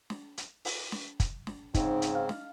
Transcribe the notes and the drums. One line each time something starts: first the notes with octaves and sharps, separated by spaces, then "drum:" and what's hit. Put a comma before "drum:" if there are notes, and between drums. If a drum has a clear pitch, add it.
drum: snare
drum: hi-hat
drum: open hi-hat
drum: snare
drum: kick, hi-hat
drum: snare
G#2 C#3 C4 D#4, drum: kick, hi-hat
drum: hi-hat
F5
drum: snare